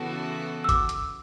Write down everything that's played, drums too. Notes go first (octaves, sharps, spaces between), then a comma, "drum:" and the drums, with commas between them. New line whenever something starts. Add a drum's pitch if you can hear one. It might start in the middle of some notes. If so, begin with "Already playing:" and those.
Already playing: C#3 E3 B3 F#4 A4
E6
D6, drum: kick G1, hi-hat
drum: hi-hat